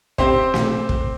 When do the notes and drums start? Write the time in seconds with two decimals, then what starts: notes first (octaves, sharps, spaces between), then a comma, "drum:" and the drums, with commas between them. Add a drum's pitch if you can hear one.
0.18 C4 G4 C5, drum: kick
0.54 drum: snare
0.89 drum: kick